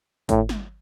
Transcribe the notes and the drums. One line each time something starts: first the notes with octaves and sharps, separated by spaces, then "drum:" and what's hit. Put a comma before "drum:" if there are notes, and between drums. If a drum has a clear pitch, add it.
A2, drum: kick, hi-hat
drum: snare